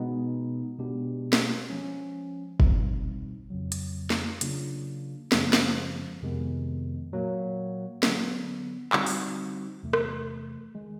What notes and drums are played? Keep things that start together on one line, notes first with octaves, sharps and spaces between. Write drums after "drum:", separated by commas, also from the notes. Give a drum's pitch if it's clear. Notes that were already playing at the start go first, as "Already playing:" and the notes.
Already playing: B2 G#3 B3 D#4
B2 G#3 B3 D4 G4
drum: snare
F3 G#3 C#4
B2 G3 C4 D#4, drum: kick
F2 C#3 F#3
drum: hi-hat
drum: snare
C#3 F#3 A#3 D4 F4, drum: hi-hat
F#2 C#3 F3 G#3, drum: snare
drum: snare
F2 C3 D#3 G#3 B3
A#2 F#3 A#3
D3 F#3 B3, drum: snare
D3 G3 C4 D#4 F#4, drum: clap
drum: open hi-hat
E2 C3 E3 A3
drum: rim click
D#3 G#3